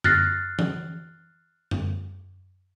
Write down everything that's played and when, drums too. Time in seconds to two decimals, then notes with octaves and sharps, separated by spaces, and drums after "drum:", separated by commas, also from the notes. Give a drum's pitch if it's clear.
0.04 F6 F#6 A6 A#6 C7, drum: tom F#2
0.59 drum: tom E3
1.71 drum: tom F#2